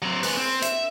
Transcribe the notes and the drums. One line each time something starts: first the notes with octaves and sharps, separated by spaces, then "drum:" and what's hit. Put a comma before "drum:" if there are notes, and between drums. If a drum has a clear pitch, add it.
F#3 C4
G#3 B4, drum: open hi-hat
C4
E5, drum: hi-hat